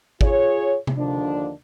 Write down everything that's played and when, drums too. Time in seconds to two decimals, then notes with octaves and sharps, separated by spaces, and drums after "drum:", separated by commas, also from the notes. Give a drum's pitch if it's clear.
0.21 F4 G#4 C#5, drum: kick
0.87 drum: tom C3
0.98 D#2 D3 F3 D4